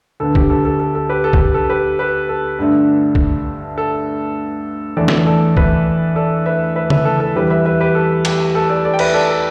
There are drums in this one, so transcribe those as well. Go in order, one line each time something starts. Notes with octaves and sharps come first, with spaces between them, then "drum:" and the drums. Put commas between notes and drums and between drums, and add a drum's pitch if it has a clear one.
D2 D3 B3 A4
G4, drum: kick
A4
A4
A4
A4
G4 B4
A4
G4, drum: kick
A4
A4
G4 B4
G4 B4
A4
G2 D3 A3 D4
drum: kick
A4
E2 E3 A3 D4 A4 D5
drum: snare
A4 D5
B4 E5, drum: kick
A4 D5
B4 E5
B4 E5
B4 E5, drum: tom C#3
A4
A4
E2 E3 G3 G4 B4
B4 E5
B4 E5
G4 B4
A4
G4, drum: cymbal
A4
A4 D5
A4 D5
G5
B4 E5, drum: cymbal
A4 D5
A4